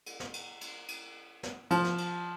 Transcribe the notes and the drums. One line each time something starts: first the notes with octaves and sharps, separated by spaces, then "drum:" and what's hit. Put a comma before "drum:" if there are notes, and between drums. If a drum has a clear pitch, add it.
drum: cymbal
drum: snare
drum: cymbal
drum: cymbal
drum: cymbal
drum: snare
F3, drum: cymbal
drum: snare
drum: cymbal